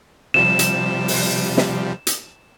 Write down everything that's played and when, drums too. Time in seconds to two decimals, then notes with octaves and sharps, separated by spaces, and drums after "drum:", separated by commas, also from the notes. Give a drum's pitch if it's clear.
0.34 C3 F3 G3 E7
0.59 drum: hi-hat
1.08 drum: open hi-hat
1.57 drum: snare
2.07 drum: hi-hat